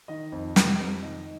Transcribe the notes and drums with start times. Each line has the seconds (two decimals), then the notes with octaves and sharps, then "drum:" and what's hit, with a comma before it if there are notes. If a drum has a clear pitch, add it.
0.08 D#3 D#5
0.32 F2
0.56 C3, drum: snare
0.79 F2
1.03 D#3 D#5